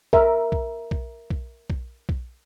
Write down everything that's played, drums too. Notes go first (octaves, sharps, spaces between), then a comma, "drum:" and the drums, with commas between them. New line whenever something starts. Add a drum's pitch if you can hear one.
A#4 E5, drum: kick B1
drum: kick B1
drum: kick B1
drum: kick B1
drum: kick B1
drum: kick B1